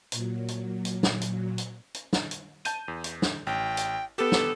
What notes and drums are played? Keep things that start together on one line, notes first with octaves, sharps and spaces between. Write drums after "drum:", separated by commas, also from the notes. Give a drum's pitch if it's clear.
A#2 F#3, drum: hi-hat
drum: hi-hat
drum: hi-hat
drum: snare
drum: hi-hat
drum: hi-hat
drum: hi-hat
drum: snare
drum: hi-hat
A5 G6 D#7, drum: hi-hat
E2
drum: hi-hat
drum: snare
A1 G5
drum: hi-hat
B3 G4 A4
drum: snare